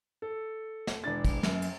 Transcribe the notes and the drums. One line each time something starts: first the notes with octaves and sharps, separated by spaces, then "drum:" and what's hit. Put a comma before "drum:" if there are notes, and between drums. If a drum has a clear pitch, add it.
A4
drum: snare
E1 D4 A6
drum: kick, cymbal
F#2, drum: snare
drum: cymbal